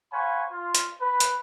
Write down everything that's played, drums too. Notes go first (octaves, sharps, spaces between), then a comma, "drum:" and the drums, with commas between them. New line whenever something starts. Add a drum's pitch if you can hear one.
C5 C#5 F5 F#5 G#5 B5
F4
drum: hi-hat
B4
drum: hi-hat